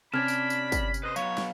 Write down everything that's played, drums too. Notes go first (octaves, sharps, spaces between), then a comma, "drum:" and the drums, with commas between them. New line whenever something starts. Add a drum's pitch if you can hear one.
C3 C#4 D5 A5 B5 F6 G#6
drum: tambourine
drum: tambourine
drum: kick, tambourine
drum: tambourine
B4 C5 D#5
F#3 B3 C#5 F5, drum: tambourine
drum: snare